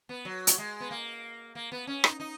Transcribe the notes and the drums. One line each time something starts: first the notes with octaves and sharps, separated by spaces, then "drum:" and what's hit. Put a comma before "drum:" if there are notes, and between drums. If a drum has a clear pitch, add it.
B3
F#3
drum: hi-hat
G#3
B3
A#3
A#3
B3
C#4
D#4, drum: rim click
D#4